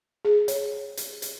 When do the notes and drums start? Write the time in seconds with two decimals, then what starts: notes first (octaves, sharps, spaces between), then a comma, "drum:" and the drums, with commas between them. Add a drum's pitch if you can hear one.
0.25 G#4
0.48 C#5, drum: hi-hat
0.97 drum: hi-hat
1.22 drum: hi-hat